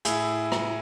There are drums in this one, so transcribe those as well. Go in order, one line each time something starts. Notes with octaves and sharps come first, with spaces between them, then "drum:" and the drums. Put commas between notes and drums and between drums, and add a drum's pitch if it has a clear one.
A2 E4 G#4, drum: hi-hat
drum: rim click